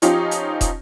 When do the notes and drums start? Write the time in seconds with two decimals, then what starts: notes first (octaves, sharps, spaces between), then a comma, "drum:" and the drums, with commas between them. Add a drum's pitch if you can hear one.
0.02 F3 C#4 D#4 F4 G4, drum: hi-hat
0.31 drum: hi-hat
0.61 drum: kick, hi-hat